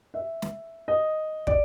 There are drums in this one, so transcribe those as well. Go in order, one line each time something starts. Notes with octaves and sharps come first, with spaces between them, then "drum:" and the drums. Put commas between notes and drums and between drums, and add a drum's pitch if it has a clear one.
E5
drum: snare
D#5
D5, drum: kick